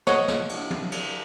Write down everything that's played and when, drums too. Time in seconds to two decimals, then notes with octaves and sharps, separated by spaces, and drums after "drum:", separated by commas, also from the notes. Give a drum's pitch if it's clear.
0.07 C#5 D#5 F#5, drum: snare
0.28 drum: snare
0.49 drum: cymbal
0.70 drum: tom
0.92 drum: cymbal